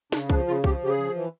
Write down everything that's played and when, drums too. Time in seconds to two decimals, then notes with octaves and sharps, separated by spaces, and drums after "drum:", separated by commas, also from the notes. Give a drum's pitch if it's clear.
0.12 C#3 D4, drum: snare
0.30 F3 D4, drum: kick C2
0.47 C#3 F4
0.64 F3 G4, drum: kick C2
0.81 C#3 G4
0.89 G#4
0.98 F3
1.15 E3